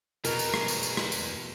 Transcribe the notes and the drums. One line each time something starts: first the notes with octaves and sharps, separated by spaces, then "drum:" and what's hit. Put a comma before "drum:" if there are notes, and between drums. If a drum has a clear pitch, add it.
E2 B2 A#4, drum: tambourine
drum: tambourine
drum: rim click
drum: tambourine
drum: tambourine
drum: rim click
drum: tambourine